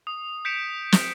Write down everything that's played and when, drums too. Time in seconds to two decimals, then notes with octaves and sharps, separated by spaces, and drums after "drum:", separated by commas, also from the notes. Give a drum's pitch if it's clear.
0.07 D#6
0.45 G6 B6 C#7 D7 E7
0.92 drum: snare